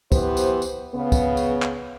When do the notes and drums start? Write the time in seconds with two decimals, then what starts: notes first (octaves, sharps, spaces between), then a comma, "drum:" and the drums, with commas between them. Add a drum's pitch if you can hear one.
0.12 E3 B3 G4 C5, drum: kick, tambourine
0.37 drum: tambourine
0.62 drum: tambourine
0.95 C#3 B3
1.12 drum: kick, tambourine
1.37 drum: tambourine
1.62 drum: clap